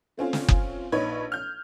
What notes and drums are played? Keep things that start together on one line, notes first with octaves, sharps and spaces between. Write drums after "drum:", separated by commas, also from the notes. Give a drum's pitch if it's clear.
A3 C4 C#4 F4
drum: snare
drum: kick F#1
A#1 D#4 B4 C#5 B5 G#6
F6 G6